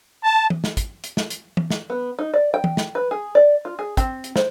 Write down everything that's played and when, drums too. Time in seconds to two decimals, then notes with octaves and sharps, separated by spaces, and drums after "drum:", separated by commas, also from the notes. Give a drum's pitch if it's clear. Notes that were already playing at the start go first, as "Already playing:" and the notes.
0.24 A5
0.50 drum: tom E3
0.64 drum: snare
0.77 drum: kick, hi-hat
1.04 drum: hi-hat
1.17 drum: snare
1.30 drum: hi-hat
1.57 drum: tom E3
1.70 drum: snare
1.90 B3
2.19 D#4
2.34 D5
2.54 G5
2.64 drum: tom E3
2.77 drum: snare
2.95 B4
3.11 G#4
3.35 D5
3.65 F4
3.79 G#4
3.97 C4, drum: kick, hi-hat
4.24 drum: hi-hat
4.36 C5, drum: snare